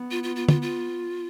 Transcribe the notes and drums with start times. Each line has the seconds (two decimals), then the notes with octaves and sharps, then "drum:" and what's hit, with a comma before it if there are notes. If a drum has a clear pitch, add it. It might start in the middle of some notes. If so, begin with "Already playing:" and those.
Already playing: B3
0.11 F4
0.23 F4
0.36 F4
0.49 F4, drum: tom
0.62 F4